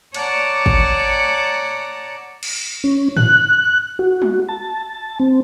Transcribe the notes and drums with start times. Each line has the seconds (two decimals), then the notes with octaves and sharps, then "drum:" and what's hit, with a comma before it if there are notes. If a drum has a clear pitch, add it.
0.14 C#5 D5 F#5 A5 A#5, drum: cymbal
0.66 drum: kick
2.43 drum: cymbal
2.84 C#4
3.17 F#6, drum: tom G#2
3.99 F#4
4.22 drum: tom G3
4.49 A5
5.20 C4